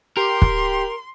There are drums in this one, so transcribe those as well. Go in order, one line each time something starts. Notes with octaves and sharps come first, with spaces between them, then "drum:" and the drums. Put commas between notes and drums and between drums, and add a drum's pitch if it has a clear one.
G4 A#4 C6
drum: kick